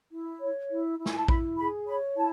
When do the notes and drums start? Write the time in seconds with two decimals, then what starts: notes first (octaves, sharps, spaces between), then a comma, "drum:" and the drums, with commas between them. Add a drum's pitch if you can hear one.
0.11 E4
0.41 C#5
0.70 E4
0.99 E4
1.06 G#5, drum: snare
1.17 A5
1.28 E4 B5, drum: kick A#1
1.58 G#4 B5
1.87 C#5 B5
2.16 E4 A5